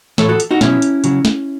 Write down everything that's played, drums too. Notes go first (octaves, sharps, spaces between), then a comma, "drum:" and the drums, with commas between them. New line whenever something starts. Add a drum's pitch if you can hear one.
A2 E3 A4 C#5, drum: snare
F#4 A4
drum: hi-hat
D#4 F#4
B2 F#3 C#4 E4, drum: snare
drum: hi-hat
C#3 F#3, drum: hi-hat
drum: snare